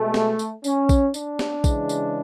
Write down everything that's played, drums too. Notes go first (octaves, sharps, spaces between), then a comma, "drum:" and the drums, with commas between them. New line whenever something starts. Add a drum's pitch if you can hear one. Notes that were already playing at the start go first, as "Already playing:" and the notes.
Already playing: B2 G#3 A3
drum: snare
drum: tambourine
C#4, drum: tambourine
drum: kick A#1, tambourine
D4, drum: tambourine
drum: snare
C#3 E3 G#3, drum: kick A#1, tambourine
drum: tambourine